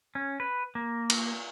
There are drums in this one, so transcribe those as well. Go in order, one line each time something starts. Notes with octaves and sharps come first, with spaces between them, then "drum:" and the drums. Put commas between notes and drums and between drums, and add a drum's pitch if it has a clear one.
C#4
B4
A#3
drum: cymbal